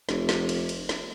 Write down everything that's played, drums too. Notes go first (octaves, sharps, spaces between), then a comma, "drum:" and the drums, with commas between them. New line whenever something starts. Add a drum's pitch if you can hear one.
F1, drum: snare
drum: snare
drum: cymbal
drum: cymbal
drum: snare